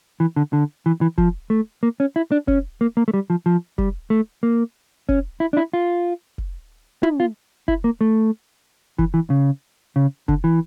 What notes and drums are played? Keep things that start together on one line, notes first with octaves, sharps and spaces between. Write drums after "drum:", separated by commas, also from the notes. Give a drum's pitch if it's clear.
E3
D3
D3
E3
E3
F3, drum: kick
A3
A#3
C#4
E4
D4
C#4, drum: kick
A#3
A#3
A3
G3
F3
F3
G3, drum: kick
A3
A#3
C#4, drum: kick
E4
D4
E4
F4
drum: kick
E4, drum: tom
F4
E4, drum: kick
A#3
A3
E3, drum: kick
E3
C#3
C#3
D3, drum: kick
E3